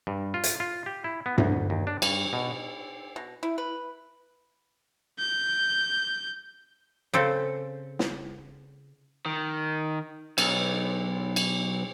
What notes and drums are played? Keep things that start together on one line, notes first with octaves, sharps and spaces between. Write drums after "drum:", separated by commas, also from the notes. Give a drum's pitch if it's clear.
G2
F4
drum: hi-hat
F4
G4
E4
B3
D2, drum: tom G2
D#2
D4
G2, drum: cymbal
B2
B2
E4
B4
G6
C#3 C4 A4
drum: snare
D#3
B1, drum: cymbal
drum: cymbal